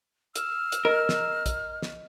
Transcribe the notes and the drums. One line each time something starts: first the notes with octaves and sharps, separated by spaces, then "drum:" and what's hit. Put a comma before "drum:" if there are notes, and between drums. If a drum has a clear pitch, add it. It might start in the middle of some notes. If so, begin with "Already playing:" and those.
E6 F6, drum: hi-hat
drum: hi-hat
A#4 D#5
drum: snare
drum: kick, hi-hat
drum: snare